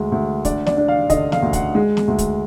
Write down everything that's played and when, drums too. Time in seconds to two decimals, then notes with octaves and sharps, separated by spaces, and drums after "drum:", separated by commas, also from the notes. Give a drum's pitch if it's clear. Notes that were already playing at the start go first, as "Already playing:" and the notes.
Already playing: D2 G#3
0.12 D2
0.45 D4 D5, drum: kick, hi-hat
0.66 D5, drum: snare
0.77 D4
0.88 F5
1.10 D3 D#5, drum: kick, hi-hat
1.32 F5, drum: snare
1.42 D2
1.53 F#5, drum: kick, hi-hat
1.75 G#3
1.97 drum: snare
2.08 D2
2.18 drum: kick, hi-hat